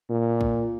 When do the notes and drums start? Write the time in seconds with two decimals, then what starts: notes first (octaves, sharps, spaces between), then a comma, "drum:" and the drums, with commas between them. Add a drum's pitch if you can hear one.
0.10 A#2
0.41 drum: kick